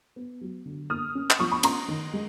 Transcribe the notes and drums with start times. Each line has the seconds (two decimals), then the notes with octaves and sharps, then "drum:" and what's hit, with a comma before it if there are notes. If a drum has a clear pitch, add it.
0.16 B3
0.41 F#3
0.65 D3
0.90 A#3 D#6 F6
1.15 C#4
1.30 drum: clap
1.39 F3 C#6 D#6
1.51 B5 C#6
1.63 C#4 A#5 C6, drum: cymbal
1.88 D#3
2.13 G#3